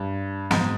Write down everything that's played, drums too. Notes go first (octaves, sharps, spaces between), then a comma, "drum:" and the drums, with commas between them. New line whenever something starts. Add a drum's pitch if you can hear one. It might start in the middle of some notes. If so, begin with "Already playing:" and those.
Already playing: G2
G#2, drum: snare